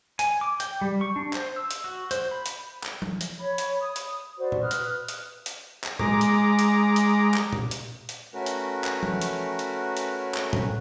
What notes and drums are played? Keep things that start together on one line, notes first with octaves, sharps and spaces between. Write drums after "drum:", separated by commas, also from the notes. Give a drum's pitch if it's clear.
G#5, drum: hi-hat
D6
G5, drum: hi-hat
G3
C#6
D4
C5, drum: clap
E6
drum: hi-hat
F#4
C5, drum: hi-hat
B5
drum: hi-hat
drum: clap
drum: tom F3
drum: hi-hat
C#5 B5
drum: hi-hat
D#6
drum: hi-hat
F#4 B4 C5 D5
drum: tom A#2
B4 D#6 F6 F#6
drum: hi-hat
drum: hi-hat
drum: hi-hat
drum: clap
G#3 A#5 D6, drum: tom A2
drum: hi-hat
drum: hi-hat
drum: hi-hat
drum: clap
drum: tom A#2
drum: hi-hat
drum: hi-hat
A3 C#4 F#4 A#4 B4
drum: hi-hat
drum: clap
drum: tom F3
drum: hi-hat
drum: hi-hat
drum: hi-hat
drum: clap
drum: tom A2